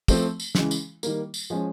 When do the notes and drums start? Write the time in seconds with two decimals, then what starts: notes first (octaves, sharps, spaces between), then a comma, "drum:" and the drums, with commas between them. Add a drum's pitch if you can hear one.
0.08 F3 A3 C4, drum: kick, tambourine
0.40 drum: tambourine
0.55 C#3 E3 G#3, drum: snare
0.71 drum: tambourine
1.03 D#3 G3 A#3, drum: tambourine
1.34 drum: tambourine
1.50 F3 G#3 C#4